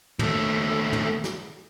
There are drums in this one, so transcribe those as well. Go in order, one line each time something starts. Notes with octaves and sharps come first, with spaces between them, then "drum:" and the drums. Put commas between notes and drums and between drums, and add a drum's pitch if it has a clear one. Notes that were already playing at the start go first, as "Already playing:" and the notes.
D#2 A3, drum: tom
drum: tom
drum: snare